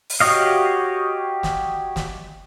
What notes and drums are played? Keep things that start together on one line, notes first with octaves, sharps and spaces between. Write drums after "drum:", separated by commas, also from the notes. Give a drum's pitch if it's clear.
drum: open hi-hat
F#4 G4 C#5 D#5 F5
drum: snare
drum: snare